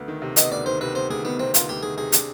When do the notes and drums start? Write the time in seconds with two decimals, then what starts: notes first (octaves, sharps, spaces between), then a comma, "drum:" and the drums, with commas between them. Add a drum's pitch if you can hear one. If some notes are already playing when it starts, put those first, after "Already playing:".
Already playing: D2 B3
0.08 D#3
0.22 C3
0.36 B3 D#5, drum: hi-hat
0.52 D2 D5
0.66 D#3 C5
0.81 C3 B4
0.95 B3 C5
1.10 D2 G#4
1.24 D#3 B3
1.39 C3 C4
1.54 B3 F4, drum: hi-hat
1.68 D2 G4
1.83 D#3 G#4
1.97 C3 G#4
2.12 D4, drum: hi-hat